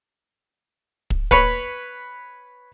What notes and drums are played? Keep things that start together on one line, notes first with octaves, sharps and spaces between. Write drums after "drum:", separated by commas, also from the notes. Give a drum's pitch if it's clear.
drum: kick
B4 C#5 B5, drum: kick